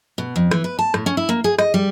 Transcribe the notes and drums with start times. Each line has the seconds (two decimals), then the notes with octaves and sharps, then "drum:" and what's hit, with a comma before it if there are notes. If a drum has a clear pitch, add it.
0.18 B2
0.36 F2
0.51 E3, drum: rim click
0.64 B4
0.79 A5
0.94 A2, drum: rim click
1.06 C#4
1.17 E4
1.29 A#3
1.44 G#4
1.59 D#5, drum: rim click
1.74 G3